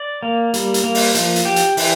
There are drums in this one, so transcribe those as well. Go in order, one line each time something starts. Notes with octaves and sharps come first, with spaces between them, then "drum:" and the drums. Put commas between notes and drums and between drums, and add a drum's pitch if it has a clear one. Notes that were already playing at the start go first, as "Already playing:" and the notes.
Already playing: D5
A#3
G3, drum: hi-hat
drum: hi-hat
A#3
drum: open hi-hat
F3, drum: hi-hat
drum: hi-hat
G4
drum: hi-hat
E3, drum: open hi-hat